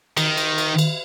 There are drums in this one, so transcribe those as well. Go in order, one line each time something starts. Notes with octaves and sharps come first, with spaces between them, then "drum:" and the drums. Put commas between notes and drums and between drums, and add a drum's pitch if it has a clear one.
D#3, drum: cymbal
drum: cymbal
drum: cymbal
drum: cymbal